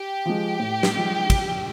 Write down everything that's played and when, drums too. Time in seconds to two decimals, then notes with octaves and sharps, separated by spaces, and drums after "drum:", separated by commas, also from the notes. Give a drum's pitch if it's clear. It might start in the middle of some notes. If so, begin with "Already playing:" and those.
Already playing: G4
0.26 F3 G#3
0.59 A2
0.83 drum: snare
0.94 F3 G#3
1.30 drum: kick, cymbal